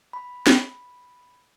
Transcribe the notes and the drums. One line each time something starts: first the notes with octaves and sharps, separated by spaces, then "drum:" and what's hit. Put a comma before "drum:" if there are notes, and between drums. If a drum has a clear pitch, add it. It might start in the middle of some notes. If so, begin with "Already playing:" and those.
B5
drum: snare